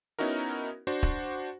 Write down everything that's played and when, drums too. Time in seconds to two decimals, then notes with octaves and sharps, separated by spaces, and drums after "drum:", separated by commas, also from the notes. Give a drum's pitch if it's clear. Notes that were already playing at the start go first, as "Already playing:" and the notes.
0.19 B3 C#4 D#4 E4 F#4 A#4
0.87 D4 F#4 C5 F#5
1.03 drum: kick